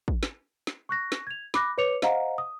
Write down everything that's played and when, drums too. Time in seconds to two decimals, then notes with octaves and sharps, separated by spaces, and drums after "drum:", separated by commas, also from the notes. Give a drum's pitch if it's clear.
0.08 drum: kick
0.23 drum: snare
0.67 drum: snare
0.89 C#6 F#6 A#6
1.12 drum: snare
1.27 G#6 F7
1.54 B5 D6 F#6 A#6, drum: snare
1.78 B4 C#5 D6 C#7 F7
2.02 C5 D#5 F5 F#5 A#5, drum: snare
2.38 D#6